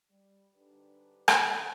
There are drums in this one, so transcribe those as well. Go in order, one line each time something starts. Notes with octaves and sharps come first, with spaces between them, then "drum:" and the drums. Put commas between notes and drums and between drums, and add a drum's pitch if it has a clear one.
G3
G#2 D3 G3 D4 G4 B4
drum: rim click